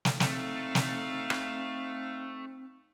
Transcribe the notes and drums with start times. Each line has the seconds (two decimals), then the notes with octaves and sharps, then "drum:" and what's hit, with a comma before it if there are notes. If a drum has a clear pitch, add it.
0.05 drum: snare
0.20 A3 C4 D#4 F5, drum: snare
0.75 drum: snare
1.30 drum: rim click